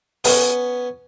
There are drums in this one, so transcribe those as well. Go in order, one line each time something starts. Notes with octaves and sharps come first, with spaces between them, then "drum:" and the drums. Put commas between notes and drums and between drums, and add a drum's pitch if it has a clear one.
B3 C#4, drum: open hi-hat